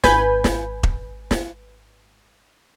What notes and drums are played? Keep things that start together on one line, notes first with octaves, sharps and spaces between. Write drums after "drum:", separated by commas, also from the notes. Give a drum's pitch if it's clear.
G#1 B4 G#5 B5 G6, drum: snare
drum: snare
drum: kick E1
drum: snare